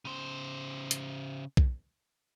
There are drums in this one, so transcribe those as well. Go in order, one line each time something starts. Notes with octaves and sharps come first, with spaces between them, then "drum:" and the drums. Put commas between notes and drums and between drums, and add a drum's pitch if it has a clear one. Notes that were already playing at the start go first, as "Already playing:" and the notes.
C#3 C5
drum: hi-hat
drum: kick B1